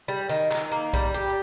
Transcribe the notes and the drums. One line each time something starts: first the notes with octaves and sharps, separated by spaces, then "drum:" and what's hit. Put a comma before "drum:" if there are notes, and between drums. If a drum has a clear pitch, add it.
G3
D#3
D#3, drum: clap
A#3
G3, drum: kick, hi-hat
G4